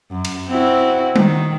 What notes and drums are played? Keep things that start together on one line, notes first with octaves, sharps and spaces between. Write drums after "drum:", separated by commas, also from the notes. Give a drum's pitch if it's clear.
F#2
drum: cymbal
C4 E4 F#4
D#3, drum: tom G3